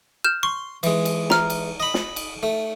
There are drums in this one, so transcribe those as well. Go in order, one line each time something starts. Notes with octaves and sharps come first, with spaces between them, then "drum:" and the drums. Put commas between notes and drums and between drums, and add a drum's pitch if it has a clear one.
F6 G6 E7
C6 C#6
E3 G#3, drum: cymbal
drum: cymbal
A#5 F6, drum: snare
drum: cymbal
D#5 B5
drum: snare
drum: cymbal
A3